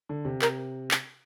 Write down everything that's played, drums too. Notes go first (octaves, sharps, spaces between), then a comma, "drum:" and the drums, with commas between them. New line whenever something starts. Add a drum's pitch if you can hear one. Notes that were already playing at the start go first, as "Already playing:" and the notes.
D3
C3
A#4, drum: clap
drum: clap